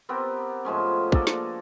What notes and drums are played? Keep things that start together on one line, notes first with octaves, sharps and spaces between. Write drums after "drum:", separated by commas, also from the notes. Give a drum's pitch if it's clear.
B3 C4 G4 A#4
A2 F3 G#3 C#4
A#3 D4 G#4 A4, drum: kick
drum: snare